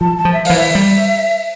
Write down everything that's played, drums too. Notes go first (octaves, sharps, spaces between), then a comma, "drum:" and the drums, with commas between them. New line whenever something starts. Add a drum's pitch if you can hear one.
F3 A5
A5
F3
E5
E3 F5, drum: open hi-hat
E5
G3